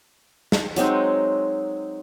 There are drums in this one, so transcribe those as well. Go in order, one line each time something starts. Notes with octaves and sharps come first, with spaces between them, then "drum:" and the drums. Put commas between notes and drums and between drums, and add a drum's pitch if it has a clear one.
drum: snare
F#3 G#3 C4 D#4, drum: hi-hat